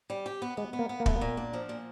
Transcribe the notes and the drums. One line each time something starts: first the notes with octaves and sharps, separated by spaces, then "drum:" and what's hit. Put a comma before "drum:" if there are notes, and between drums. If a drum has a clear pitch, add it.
G3
G4
B3
G#3 B3
B3
A#3
B3
A#3
A3 B3, drum: kick
A#3
A#2
D4
F3
A#2